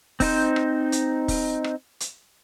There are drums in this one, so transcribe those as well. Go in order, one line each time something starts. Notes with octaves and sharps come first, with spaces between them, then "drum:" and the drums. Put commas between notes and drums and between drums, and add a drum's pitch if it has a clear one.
C4 D#4 C5, drum: kick, open hi-hat
drum: rim click
drum: hi-hat
drum: kick, open hi-hat
drum: rim click
drum: hi-hat